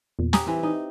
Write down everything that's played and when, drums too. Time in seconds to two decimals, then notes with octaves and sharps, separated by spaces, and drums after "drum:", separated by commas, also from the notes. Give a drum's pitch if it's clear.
0.19 E2 A#2
0.33 G4 G#5 A#5 D#6, drum: snare
0.46 E3 C4
0.63 D#4